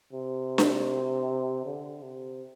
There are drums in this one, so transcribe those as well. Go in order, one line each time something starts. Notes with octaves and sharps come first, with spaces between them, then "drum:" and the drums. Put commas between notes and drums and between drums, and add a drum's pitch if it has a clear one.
C3
drum: snare D4
D3
C3